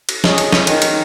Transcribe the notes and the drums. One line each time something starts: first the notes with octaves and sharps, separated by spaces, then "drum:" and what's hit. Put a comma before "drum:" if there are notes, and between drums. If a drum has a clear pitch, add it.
drum: cymbal
G#4 C#5 D#5, drum: snare
drum: cymbal
drum: snare
D#3, drum: cymbal
drum: cymbal